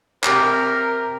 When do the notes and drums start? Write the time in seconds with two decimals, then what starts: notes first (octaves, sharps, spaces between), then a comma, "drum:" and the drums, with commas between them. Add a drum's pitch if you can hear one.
0.24 C3 G4 A#4 D6 D#6 C7, drum: clap